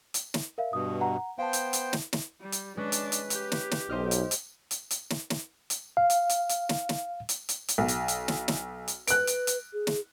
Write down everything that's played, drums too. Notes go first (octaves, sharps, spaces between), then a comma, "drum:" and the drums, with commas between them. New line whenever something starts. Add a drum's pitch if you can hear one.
drum: hi-hat
drum: snare
A#4 E5 F5
G2 B2 D#6
F#5 A#5
B3 C5 F5 G5 A5
drum: hi-hat
drum: hi-hat
drum: snare
drum: snare
G3
drum: hi-hat
G#3 C#4 D4 B4
drum: hi-hat
drum: hi-hat
G4, drum: hi-hat
drum: snare
drum: snare
B1 C5 D#5 F6
drum: hi-hat
drum: hi-hat
drum: hi-hat
drum: hi-hat
drum: snare
drum: snare
drum: hi-hat
F5
drum: hi-hat
drum: hi-hat
drum: hi-hat
drum: snare
drum: snare
drum: hi-hat
drum: hi-hat
drum: hi-hat
B1
drum: hi-hat
drum: hi-hat
drum: snare
drum: snare
drum: hi-hat
B4 F#6 D7, drum: hi-hat
drum: hi-hat
drum: hi-hat
G#4
drum: snare